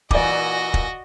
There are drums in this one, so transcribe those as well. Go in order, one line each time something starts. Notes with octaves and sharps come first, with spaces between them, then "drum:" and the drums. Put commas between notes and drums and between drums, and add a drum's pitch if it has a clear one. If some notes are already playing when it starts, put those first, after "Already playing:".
A#2 E3 F#4 D5 D#5 D6, drum: kick
drum: kick